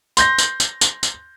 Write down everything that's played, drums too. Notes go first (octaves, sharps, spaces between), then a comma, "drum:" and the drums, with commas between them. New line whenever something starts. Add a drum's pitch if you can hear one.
C6 G6 A#6, drum: tambourine
drum: tambourine
drum: tambourine
drum: tambourine
drum: tambourine